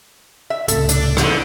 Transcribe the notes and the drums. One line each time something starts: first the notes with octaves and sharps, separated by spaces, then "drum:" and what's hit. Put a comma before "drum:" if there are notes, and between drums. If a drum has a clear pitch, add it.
E5
C#2 A2 C3 A4, drum: hi-hat
D4, drum: hi-hat
E2 D3, drum: rim click